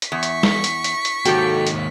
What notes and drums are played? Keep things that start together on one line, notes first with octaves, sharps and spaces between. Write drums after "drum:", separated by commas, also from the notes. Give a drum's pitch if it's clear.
drum: hi-hat
E2 C#6 B6
drum: hi-hat
drum: snare
drum: hi-hat
drum: hi-hat
drum: hi-hat
D#2 G#2 F#4 G4 A4 G5, drum: hi-hat
drum: hi-hat